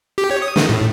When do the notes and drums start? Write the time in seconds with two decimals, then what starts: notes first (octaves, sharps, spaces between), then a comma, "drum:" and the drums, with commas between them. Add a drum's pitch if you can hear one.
0.18 G4
0.31 C#5
0.42 D#6
0.56 D#3, drum: snare
0.69 A2